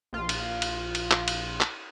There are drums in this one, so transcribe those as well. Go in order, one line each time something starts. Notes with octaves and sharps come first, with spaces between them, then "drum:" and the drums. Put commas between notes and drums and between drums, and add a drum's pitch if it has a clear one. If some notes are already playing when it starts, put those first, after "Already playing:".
A#1 F4
drum: cymbal
drum: cymbal
drum: cymbal
drum: clap
drum: cymbal
drum: clap